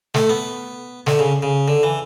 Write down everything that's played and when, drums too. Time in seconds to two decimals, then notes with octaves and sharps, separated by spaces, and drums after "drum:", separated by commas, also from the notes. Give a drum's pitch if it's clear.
0.14 A3, drum: snare
0.29 B3
1.07 D3, drum: snare
1.19 C#3
1.43 C#3
1.68 D3
1.83 E3